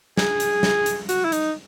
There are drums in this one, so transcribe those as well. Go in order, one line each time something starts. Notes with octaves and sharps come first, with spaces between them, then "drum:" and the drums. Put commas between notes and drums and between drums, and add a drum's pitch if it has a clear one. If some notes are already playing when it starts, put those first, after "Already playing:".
G#4, drum: snare
drum: hi-hat
drum: snare
drum: hi-hat
F#4, drum: hi-hat
E4
D#4, drum: hi-hat